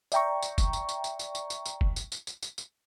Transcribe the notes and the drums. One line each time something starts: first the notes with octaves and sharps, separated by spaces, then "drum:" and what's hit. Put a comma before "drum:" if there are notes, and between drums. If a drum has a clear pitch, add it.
D5 E5 G5 A#5 C#6, drum: tambourine
drum: tambourine
drum: kick, tambourine
drum: tambourine
drum: tambourine
drum: tambourine
drum: tambourine
drum: tambourine
drum: tambourine
drum: tambourine
drum: kick
drum: tambourine
drum: tambourine
drum: tambourine
drum: tambourine
drum: tambourine